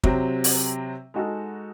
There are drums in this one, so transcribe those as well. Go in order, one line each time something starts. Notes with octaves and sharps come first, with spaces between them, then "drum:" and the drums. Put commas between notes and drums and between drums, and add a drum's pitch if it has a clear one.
C3 F#3 C4, drum: kick
drum: open hi-hat
G#3 D#4 F#4 A4